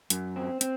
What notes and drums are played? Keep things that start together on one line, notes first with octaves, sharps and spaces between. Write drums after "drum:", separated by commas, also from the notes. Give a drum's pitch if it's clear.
F#2, drum: hi-hat
C4
C4, drum: hi-hat